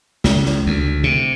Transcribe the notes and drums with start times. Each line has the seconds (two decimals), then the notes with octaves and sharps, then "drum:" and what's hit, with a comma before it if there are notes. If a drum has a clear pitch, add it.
0.24 C#2, drum: snare
0.46 drum: snare
0.66 D2
1.04 C3